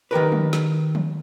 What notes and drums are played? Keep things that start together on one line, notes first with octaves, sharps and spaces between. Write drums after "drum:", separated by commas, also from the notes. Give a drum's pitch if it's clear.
D#3 G4 A#4 B4
drum: tom
drum: snare
drum: tom